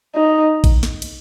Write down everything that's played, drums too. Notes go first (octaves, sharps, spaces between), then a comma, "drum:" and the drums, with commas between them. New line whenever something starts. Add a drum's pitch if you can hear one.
D#4
drum: kick A1, cymbal
drum: snare
drum: cymbal